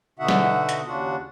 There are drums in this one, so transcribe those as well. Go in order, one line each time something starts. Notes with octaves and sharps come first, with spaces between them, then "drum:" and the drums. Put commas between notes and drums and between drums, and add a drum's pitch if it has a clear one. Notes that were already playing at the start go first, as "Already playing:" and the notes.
B2 D3 D#4 F#4 E5 F#5
drum: snare
drum: hi-hat
D#2 C#3 D4 F4 F#4 F#5